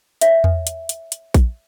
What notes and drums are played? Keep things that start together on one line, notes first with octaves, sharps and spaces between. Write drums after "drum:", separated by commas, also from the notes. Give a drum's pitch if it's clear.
C#5 E5, drum: hi-hat
drum: tom E2
drum: hi-hat
drum: hi-hat
drum: hi-hat
drum: kick A#1, hi-hat